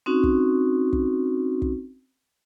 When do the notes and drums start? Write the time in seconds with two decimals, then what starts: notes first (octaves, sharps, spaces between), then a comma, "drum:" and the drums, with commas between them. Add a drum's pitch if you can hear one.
0.06 C4 C#4 D#4 F#4
0.23 drum: kick
0.93 drum: kick
1.62 drum: kick